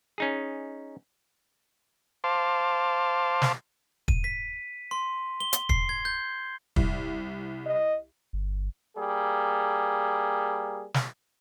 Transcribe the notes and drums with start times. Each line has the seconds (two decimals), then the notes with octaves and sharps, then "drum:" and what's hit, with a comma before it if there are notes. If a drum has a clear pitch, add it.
0.18 C#4 D#4 G#4
2.24 C5 F5 A5 C6 D6
3.42 drum: snare
4.08 D#7, drum: kick
4.24 B6
4.91 C6
5.40 G7
5.53 drum: hi-hat
5.69 C7, drum: kick
5.89 G#6
6.05 G6
6.76 C2, drum: kick
7.66 D#5
8.33 G1
8.97 G3 A#3 G#4
10.94 drum: snare